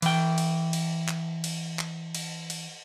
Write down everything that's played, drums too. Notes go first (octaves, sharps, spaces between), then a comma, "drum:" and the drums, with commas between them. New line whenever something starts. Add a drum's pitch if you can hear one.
E3 G5, drum: cymbal
drum: cymbal
drum: cymbal
drum: clap
drum: cymbal
drum: clap
drum: cymbal
drum: cymbal